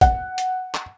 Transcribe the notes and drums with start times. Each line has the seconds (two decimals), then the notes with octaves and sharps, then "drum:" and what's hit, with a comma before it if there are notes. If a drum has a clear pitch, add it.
0.01 F#5, drum: kick, hi-hat
0.38 drum: hi-hat
0.75 drum: clap